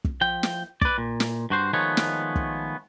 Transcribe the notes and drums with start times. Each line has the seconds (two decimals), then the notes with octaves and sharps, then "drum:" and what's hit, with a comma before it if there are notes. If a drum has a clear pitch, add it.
0.04 drum: kick
0.21 F3 G5
0.43 drum: snare
0.82 B4 D5, drum: kick
0.98 A#2
1.20 drum: snare
1.50 G2 F#4 C5
1.73 D#3 F3 G#3 A3 B3 C#5
1.97 drum: snare
2.36 drum: kick